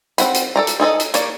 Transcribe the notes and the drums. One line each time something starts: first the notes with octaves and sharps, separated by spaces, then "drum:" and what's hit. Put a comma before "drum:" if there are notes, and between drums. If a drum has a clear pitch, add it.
C4 F#5 B5, drum: hi-hat
drum: hi-hat
A4 D5 A#5
drum: hi-hat
D#4 G#4 A4 D#5
drum: hi-hat
A#3 C#5 D5, drum: hi-hat